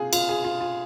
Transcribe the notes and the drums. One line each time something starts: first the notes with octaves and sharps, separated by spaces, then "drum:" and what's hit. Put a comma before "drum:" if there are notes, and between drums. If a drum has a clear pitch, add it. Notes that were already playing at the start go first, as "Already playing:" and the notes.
Already playing: C3 A#3 F4 G#4
F4, drum: cymbal
G#4
F4
F4